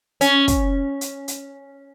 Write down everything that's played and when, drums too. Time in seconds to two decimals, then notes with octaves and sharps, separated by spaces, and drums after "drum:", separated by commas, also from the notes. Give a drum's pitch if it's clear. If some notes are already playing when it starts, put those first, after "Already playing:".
0.21 C#4, drum: hi-hat
0.48 drum: kick, hi-hat
1.01 drum: hi-hat
1.28 drum: hi-hat